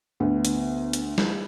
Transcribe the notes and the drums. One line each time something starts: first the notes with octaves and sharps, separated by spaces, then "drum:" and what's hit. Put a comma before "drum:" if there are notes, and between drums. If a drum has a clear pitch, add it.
D2 B3
drum: hi-hat
drum: hi-hat
drum: snare